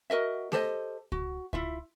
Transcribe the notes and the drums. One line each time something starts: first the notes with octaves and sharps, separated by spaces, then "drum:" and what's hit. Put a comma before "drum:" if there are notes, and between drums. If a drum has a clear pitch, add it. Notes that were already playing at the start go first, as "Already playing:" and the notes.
F#4 A#4 D#5 E5
G4 A4 C5 D#5, drum: snare A3
F#4, drum: kick C#2
E4 F4 E5, drum: kick C#2